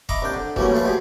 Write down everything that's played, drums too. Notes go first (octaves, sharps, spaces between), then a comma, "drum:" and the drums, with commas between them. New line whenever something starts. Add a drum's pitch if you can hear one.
D#5 E5 A#5 B5 C#6 D6, drum: kick E1
C2 D4 G5
D3
E3 F#3 G3 A3 A#3 C#4, drum: kick E1
F3 A3 F4 A4 B4
B2 G4 G#4